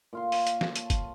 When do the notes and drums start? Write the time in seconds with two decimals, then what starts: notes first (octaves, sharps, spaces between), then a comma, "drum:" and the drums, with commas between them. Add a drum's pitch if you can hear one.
0.13 A#2 F4 C6
0.32 C#5, drum: open hi-hat
0.47 drum: hi-hat
0.61 drum: snare
0.76 A5, drum: hi-hat
0.90 drum: kick, hi-hat